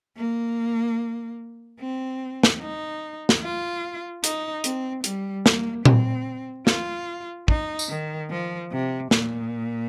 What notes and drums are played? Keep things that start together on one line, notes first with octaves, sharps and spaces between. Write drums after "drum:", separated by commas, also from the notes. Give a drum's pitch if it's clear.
A#3
C4
drum: snare
D#4
drum: snare
F4
D#4, drum: hi-hat
C4, drum: hi-hat
G3, drum: hi-hat
A#3, drum: snare
C4, drum: tom A#2
F4, drum: snare
D#4, drum: kick
drum: tambourine
D#3
F3
C3
A#2, drum: snare